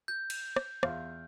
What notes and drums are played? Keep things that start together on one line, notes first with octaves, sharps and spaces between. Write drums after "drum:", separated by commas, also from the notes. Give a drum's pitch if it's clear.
G6
drum: cymbal
drum: rim click
E2 F4 F5, drum: rim click